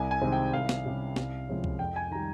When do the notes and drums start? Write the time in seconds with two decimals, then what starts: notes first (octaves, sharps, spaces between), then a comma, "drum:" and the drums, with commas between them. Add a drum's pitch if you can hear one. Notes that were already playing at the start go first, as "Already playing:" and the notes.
Already playing: C2 G#5
0.11 G#5
0.21 C3 D#3 G#3 C4
0.32 G5
0.53 C2 F5
0.69 drum: snare
0.85 C3 G3 C#4
1.16 C2, drum: snare
1.48 C3 F3 G#3 C#4
1.64 drum: kick C2
1.79 F2 G5
1.96 G#5
2.11 D#3 G3 A#5